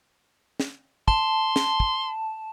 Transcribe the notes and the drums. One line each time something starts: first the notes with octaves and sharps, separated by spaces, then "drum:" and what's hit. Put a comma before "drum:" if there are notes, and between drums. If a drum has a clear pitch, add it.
drum: snare
A5 C6, drum: kick
drum: snare
drum: kick